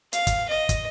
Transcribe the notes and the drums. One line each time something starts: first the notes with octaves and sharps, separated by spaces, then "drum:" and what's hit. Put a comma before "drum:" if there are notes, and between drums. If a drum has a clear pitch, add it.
F5, drum: hi-hat
drum: kick, hi-hat
D#5
drum: kick, hi-hat